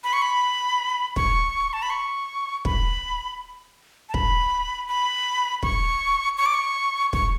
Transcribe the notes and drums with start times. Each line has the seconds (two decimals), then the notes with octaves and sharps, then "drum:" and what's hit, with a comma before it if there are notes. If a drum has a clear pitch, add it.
0.04 B5
0.13 C#6
0.22 B5
1.16 C#6, drum: kick
1.73 A5
1.82 B5
1.90 C#6
2.65 B5, drum: kick
4.09 A5
4.14 B5, drum: kick
4.88 B5
5.63 C#6, drum: kick
6.37 C#6
6.46 D6
6.54 C#6
7.13 C#6, drum: kick